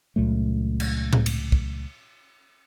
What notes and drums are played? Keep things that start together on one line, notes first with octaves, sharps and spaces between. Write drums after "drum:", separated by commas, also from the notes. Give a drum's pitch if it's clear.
C#2 A#2 F#3 A3
drum: cymbal
drum: tom A2
drum: cymbal
drum: kick